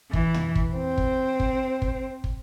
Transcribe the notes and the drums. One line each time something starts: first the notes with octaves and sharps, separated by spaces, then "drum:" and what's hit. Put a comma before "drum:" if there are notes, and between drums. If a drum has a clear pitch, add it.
E3, drum: kick
drum: tom
drum: kick
C4
drum: kick
drum: kick
drum: kick
drum: kick